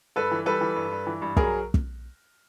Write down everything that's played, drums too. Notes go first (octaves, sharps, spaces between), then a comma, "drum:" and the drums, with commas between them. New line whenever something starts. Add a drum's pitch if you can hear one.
G2 A4 B4
E3
G3 A4 B4
E3
G2
G2
E3
G2
F#3 G#4 A#4, drum: kick
drum: kick